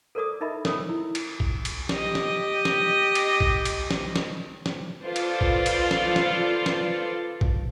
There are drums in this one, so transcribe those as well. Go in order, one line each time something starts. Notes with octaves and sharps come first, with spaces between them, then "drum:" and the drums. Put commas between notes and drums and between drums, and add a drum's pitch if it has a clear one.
A4 A#4 C5 D5 D6 D#6
D#4 A#4 D#5 E5 B5
A#4 C#5 D#6 E6, drum: snare
E4
drum: cymbal
drum: kick A#1
drum: cymbal
G4 D#5, drum: snare
drum: snare
drum: snare
drum: cymbal
drum: kick A#1
drum: cymbal
drum: snare
drum: snare
drum: snare
F4 A4 B4 C5 D5
drum: cymbal
drum: kick A#1
drum: cymbal
drum: snare
drum: snare
drum: snare
drum: kick A#1